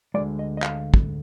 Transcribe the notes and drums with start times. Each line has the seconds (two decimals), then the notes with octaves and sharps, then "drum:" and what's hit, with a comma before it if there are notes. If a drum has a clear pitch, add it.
0.14 D2 D3 F3 G#3 D5
0.39 D#5
0.57 D#5
0.62 F5, drum: clap
0.94 drum: kick